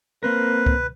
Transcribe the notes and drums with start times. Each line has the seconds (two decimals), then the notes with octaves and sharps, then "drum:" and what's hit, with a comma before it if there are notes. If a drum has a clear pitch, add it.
0.23 A#3 C4 A#4 B4
0.66 drum: kick C#2